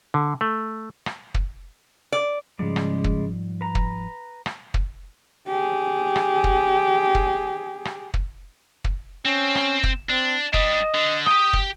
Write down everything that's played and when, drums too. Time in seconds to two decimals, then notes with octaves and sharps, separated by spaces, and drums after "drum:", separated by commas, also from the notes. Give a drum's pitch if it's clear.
0.14 D3
0.41 A3
1.06 drum: rim click
1.34 drum: kick
2.12 D5
2.59 G#2 C#3 F3 G3 G#3 D5
2.76 drum: rim click
3.04 drum: kick
3.61 B4 A#5
3.75 drum: kick
4.46 drum: rim click
4.74 drum: kick
5.48 G4 G#4
6.16 drum: rim click
6.44 drum: kick
7.15 drum: kick
7.85 drum: rim click
8.14 drum: kick
8.84 drum: kick
9.26 C4 C#4
9.55 drum: rim click
9.83 drum: kick
10.10 C4 D4
10.54 G3 D4 D#5, drum: kick
10.94 D3
11.26 G4 G5 D#6, drum: rim click
11.53 drum: kick